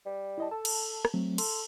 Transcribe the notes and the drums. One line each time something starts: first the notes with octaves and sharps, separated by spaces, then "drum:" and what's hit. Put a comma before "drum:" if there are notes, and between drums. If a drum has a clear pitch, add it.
G3
E4 D#5 A5
A4 A5
drum: cymbal
drum: rim click
F#3 A3 C4
A4 C6, drum: cymbal